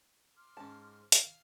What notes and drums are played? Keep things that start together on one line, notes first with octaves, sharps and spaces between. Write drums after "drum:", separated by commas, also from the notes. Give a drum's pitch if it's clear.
C6 D6 F6
G#2 C#4 A5
drum: hi-hat
F5